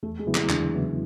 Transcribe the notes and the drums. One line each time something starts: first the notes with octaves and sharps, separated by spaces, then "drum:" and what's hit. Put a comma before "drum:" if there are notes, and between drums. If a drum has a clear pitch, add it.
E2 A3
G#3
C#3 F#3 B3 E4
E3, drum: clap
E2 D3, drum: clap
C#3 F#3 B3 E4